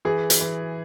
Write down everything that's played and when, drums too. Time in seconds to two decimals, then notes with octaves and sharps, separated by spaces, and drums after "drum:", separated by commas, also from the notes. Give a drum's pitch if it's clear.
0.05 E3 G#4
0.30 drum: hi-hat
0.41 E3